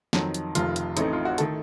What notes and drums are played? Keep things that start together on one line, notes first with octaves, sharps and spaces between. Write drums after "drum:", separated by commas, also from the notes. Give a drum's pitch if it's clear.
F2 D#3 F#3, drum: snare
drum: hi-hat
F1 F2 C3 D#3 F4, drum: hi-hat
drum: hi-hat
A1 A2 A3 C4 D#4, drum: hi-hat
F4
F#4
D#3 A3 A4, drum: hi-hat